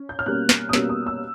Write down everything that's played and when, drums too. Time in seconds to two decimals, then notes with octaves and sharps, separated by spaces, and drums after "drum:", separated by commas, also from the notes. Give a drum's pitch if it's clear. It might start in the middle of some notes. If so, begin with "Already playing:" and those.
Already playing: C#4
0.09 G6
0.19 F6
0.26 B2 G3 A#3 C#4 F#6
0.49 F6, drum: snare
0.69 D#6
0.73 B2 G3 A#3 C#4 E6, drum: snare
0.89 D#6
1.07 E6